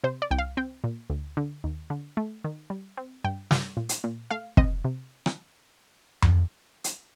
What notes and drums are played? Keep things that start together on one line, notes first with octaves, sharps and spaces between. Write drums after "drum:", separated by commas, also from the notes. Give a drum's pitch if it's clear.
C3 C5
D5
C2 G5
F5
C4 G5
A#2
D2
D3
D#2
D3
A3
D#3
G3
C4
G2 G5
G2, drum: snare
A#2
drum: hi-hat
A#2
A3 F5
C4 D#5, drum: kick
C3
drum: rim click
drum: tom F2
drum: hi-hat